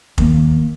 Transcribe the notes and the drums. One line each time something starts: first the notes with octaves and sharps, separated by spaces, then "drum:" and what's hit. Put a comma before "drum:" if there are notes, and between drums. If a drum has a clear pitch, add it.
D#2 D#3 A#3, drum: kick F1